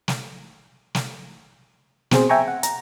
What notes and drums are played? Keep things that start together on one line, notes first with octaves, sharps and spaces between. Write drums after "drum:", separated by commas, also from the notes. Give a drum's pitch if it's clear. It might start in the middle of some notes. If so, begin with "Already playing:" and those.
drum: snare
drum: snare
B2 C4 G#4 C5, drum: snare
E5 G5 G#5 A#5 C#6
F#5
A#5, drum: hi-hat